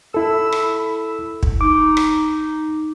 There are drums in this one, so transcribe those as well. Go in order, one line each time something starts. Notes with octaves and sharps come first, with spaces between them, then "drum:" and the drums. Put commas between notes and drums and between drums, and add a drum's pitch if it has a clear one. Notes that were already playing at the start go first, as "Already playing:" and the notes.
E4 A4 B5 E6
drum: rim click
drum: kick
D#4 D6
drum: rim click